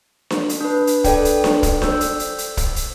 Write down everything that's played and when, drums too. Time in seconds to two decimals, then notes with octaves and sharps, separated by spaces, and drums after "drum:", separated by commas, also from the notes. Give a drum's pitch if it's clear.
0.30 drum: snare D4
0.49 drum: hi-hat
0.61 D4 B4
0.87 drum: hi-hat
1.04 A4 D5 G5, drum: kick, hi-hat
1.25 drum: hi-hat
1.44 drum: snare D4
1.63 drum: kick, hi-hat
1.82 C5 E6 G6, drum: snare D4
2.01 drum: hi-hat
2.19 drum: hi-hat
2.38 drum: hi-hat
2.57 drum: kick, hi-hat
2.76 drum: hi-hat